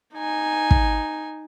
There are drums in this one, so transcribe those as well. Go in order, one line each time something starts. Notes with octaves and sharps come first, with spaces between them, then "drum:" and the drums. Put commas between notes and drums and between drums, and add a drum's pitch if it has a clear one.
D#4 G#5
drum: kick